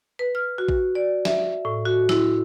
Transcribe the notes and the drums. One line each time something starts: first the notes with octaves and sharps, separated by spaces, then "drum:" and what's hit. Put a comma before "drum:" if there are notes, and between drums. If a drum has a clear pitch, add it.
B4
F6
F#4
drum: kick A#1
D5
E5, drum: snare
A2
F#4
E4, drum: snare